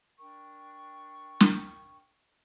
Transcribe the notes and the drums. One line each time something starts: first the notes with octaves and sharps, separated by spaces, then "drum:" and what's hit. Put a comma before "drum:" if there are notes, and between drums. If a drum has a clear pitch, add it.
D4 A#4 G5 C#6
drum: snare